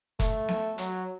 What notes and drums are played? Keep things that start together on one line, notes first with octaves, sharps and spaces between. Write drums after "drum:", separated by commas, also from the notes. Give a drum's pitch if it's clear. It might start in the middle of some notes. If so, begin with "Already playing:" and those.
A3, drum: kick, hi-hat
drum: snare B3
F#3, drum: hi-hat